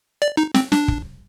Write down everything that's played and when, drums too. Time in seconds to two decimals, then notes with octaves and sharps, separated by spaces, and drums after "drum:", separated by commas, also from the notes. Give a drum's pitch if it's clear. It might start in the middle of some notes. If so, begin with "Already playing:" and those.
0.22 D5
0.37 D#4
0.54 C4, drum: snare
0.72 D4, drum: snare
0.88 drum: kick